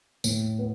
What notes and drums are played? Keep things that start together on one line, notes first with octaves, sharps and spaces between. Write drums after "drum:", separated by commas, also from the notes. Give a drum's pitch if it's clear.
A2, drum: tambourine
B3